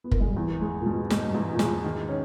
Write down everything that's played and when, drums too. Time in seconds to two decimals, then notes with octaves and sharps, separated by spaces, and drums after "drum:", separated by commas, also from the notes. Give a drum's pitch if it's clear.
0.04 B3
0.11 A#3, drum: kick
0.20 G#3
0.28 G3
0.36 E2 E3
0.61 G#2 G#3
0.81 A#2
0.86 G#2 B2
1.10 G#2 D#4, drum: snare
1.27 G2
1.34 E2 G#2
1.53 A#2
1.59 G#2 G#3, drum: snare
1.84 D#3
2.09 C#4